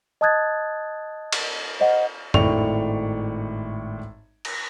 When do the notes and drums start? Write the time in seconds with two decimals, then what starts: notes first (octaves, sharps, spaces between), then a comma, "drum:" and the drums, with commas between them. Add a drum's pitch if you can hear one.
0.21 D#5 A5 D#6 F#6 G#6 A6
1.33 drum: cymbal
1.80 C5 D#5 F#5
2.34 G#1 A2 D5 G5 C#6 F7, drum: tom F2
4.45 drum: cymbal